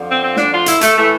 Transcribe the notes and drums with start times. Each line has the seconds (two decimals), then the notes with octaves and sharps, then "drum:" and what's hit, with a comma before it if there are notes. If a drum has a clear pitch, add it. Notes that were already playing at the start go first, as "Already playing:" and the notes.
Already playing: F2 D3 F3
0.08 C4
0.23 C4
0.37 D4, drum: snare
0.52 F4
0.66 E4, drum: hi-hat
0.81 A3, drum: hi-hat
0.97 A2 E3 A3